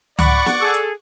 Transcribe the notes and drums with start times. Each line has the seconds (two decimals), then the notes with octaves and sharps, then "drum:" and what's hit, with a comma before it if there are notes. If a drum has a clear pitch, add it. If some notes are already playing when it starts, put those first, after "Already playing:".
0.19 D5 F#5 B5 C#6 D6, drum: tom C#2
0.46 drum: snare
0.60 G#4 A4
0.74 drum: hi-hat